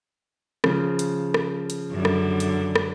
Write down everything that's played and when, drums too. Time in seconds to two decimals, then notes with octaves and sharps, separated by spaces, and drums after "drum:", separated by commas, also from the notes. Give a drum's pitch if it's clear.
0.64 C#3 F3, drum: rim click
0.99 drum: hi-hat
1.34 drum: rim click
1.70 drum: hi-hat
1.92 F#2 D3
2.05 drum: rim click
2.40 drum: hi-hat
2.76 drum: rim click